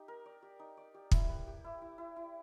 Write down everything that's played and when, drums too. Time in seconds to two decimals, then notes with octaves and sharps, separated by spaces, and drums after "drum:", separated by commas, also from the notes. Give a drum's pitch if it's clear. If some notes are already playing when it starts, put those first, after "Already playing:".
Already playing: D#4 G4
0.08 A#4
0.26 D5
0.42 G4
0.59 D#4
0.77 D5
0.94 G4
1.12 E4, drum: kick
1.29 B4
1.47 G4
1.64 E4
1.82 E4
1.98 E4
2.16 E4